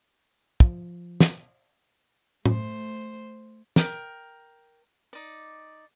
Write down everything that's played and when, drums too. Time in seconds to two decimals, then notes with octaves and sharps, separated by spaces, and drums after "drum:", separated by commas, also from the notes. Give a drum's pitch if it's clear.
0.60 F3, drum: kick
1.20 drum: snare
2.46 A3 C5, drum: tom
3.76 A#4 G5, drum: snare
5.13 D#4 D5